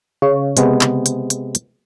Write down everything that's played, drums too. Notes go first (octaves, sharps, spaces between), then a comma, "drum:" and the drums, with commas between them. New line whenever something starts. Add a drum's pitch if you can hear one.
C#3
C3 G#3 B3, drum: hi-hat
drum: clap
drum: hi-hat
drum: hi-hat
drum: hi-hat